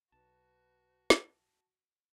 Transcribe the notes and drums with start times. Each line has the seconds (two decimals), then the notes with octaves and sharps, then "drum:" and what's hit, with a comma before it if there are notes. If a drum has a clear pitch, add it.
0.12 B1 F#4 B4 A5
1.10 drum: snare